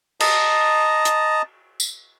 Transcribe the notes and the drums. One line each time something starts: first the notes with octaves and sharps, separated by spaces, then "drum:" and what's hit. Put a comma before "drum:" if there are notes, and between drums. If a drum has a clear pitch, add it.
D#5 A5 A#5, drum: cymbal
drum: hi-hat
drum: tambourine